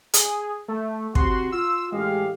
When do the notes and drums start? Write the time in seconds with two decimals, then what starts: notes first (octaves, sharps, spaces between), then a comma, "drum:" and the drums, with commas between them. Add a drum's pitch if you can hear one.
0.14 G#4, drum: hi-hat
0.68 A3
1.15 C3 F#4 C6, drum: kick
1.52 F4 E6
1.92 A1 G#3 G4 F5